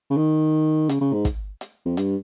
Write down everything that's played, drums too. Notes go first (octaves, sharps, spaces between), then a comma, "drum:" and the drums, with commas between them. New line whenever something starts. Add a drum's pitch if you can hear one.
C#3
D#3
C#3, drum: hi-hat
C#3
G#2
drum: kick, hi-hat
drum: hi-hat
F2
G2, drum: hi-hat